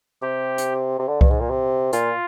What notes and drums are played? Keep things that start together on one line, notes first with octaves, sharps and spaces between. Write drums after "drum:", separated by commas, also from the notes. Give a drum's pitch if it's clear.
C3 G4
drum: hi-hat
C3
D3
G2, drum: kick C2
G#2
A#2
C3
A#2 F4, drum: hi-hat